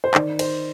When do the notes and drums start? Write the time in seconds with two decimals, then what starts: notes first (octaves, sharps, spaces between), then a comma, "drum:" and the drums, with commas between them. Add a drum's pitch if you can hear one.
0.04 C5
0.14 D#3 D5, drum: clap
0.39 C5, drum: cymbal